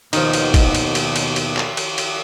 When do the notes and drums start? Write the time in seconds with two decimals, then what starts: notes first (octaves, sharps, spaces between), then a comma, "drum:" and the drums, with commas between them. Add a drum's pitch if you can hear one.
0.13 D#2 B2 D#3 F3 D#4, drum: cymbal
0.33 drum: cymbal
0.54 drum: kick, cymbal
0.75 drum: cymbal
0.95 drum: cymbal
1.16 drum: cymbal
1.36 drum: cymbal
1.57 drum: clap
1.77 drum: cymbal
1.98 drum: cymbal